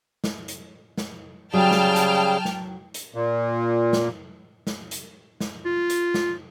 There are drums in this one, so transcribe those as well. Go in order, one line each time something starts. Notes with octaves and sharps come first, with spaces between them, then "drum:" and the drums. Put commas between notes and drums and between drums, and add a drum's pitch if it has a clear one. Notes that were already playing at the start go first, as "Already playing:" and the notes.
drum: snare
drum: hi-hat
drum: snare
C#3 F#3 G3 G#4 G5 A5 F6
drum: snare
drum: hi-hat
drum: snare
drum: hi-hat
A#2
drum: snare
drum: snare
drum: hi-hat
drum: snare
F4
drum: hi-hat
drum: snare